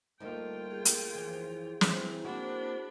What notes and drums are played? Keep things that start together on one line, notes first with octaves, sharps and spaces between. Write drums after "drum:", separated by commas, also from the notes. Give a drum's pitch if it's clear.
D2 G2 A3 A#3 D#4 F4 G5
G#4
drum: hi-hat
F#2 E3 F3 G#4
E3 F3 C4 B4 C5, drum: snare
A#3 C4 D4 E4 F#4 B5